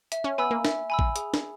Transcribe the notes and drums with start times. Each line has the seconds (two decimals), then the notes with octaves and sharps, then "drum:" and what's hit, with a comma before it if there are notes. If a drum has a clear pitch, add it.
0.12 E5, drum: hi-hat
0.24 C#4
0.38 B3 G#5 B5 E6
0.51 A#3
0.65 E5, drum: snare
0.90 G#5 B5 E6
0.99 drum: kick A1
1.16 G#4, drum: hi-hat
1.34 drum: snare